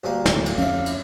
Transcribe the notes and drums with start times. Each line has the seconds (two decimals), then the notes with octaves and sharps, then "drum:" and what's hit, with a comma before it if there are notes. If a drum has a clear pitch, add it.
0.04 D2 G3 A#3
0.26 D1 A2, drum: snare
0.46 drum: cymbal
0.58 F2 C#4 E5 F5
0.86 drum: cymbal